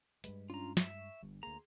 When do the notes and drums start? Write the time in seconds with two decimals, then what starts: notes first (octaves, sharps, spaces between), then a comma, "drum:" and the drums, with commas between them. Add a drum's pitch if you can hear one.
0.24 G2 G3 G#3 B4, drum: hi-hat
0.50 C#4 D4 F4 A#5
0.77 E5 C#6, drum: snare
1.23 G1 G2
1.43 D2 A#3 G#4 A#5 C6